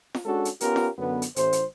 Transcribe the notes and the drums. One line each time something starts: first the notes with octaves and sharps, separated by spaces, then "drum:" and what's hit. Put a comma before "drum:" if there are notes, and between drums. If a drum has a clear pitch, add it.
drum: snare F4
G#3 C#4 D4 F#4 A4
drum: hi-hat
B3 C#4 F4 G4 A#4, drum: hi-hat
drum: snare F4
F#2 D3 B3
drum: hi-hat
A1 C5, drum: hi-hat
drum: hi-hat